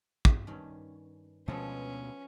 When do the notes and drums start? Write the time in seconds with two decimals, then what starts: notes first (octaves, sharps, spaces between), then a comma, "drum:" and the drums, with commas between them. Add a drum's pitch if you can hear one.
0.25 drum: kick
0.47 G2 D#3 C#4
1.48 D2 B2 F3 G#3 B3 C#4 A4